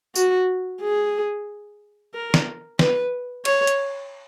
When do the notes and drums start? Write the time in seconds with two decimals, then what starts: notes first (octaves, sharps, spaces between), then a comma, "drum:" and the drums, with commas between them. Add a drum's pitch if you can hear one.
0.15 F#4, drum: tambourine
0.82 G#4
2.14 A#4
2.34 drum: snare
2.79 B4, drum: snare
3.45 C#5, drum: cymbal
3.67 drum: hi-hat